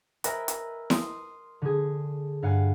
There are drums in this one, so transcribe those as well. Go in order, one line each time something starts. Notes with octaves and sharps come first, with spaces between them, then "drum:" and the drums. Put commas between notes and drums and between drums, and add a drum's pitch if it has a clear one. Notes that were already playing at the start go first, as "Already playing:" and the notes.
A#4 B4 D#5 E5 G#5, drum: hi-hat
drum: hi-hat
C6 D#6, drum: snare E4
D3 G#4
G2 F5 F#5 G#5